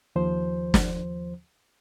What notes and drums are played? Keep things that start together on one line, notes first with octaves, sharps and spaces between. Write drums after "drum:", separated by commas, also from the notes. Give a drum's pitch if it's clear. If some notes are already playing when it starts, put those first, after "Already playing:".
D#2 F3 C5
drum: snare